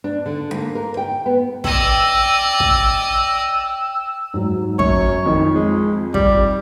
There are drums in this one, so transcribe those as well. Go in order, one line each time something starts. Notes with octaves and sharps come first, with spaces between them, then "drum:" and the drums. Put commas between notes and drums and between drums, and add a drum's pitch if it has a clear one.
D4
D3
A#3
A#4
G5
B3
D5 D#5 G5 E6, drum: kick
drum: kick
G#2 F#3
F#2 C#5, drum: kick
F2 D#3 D#4 D#5
G#3
G3, drum: kick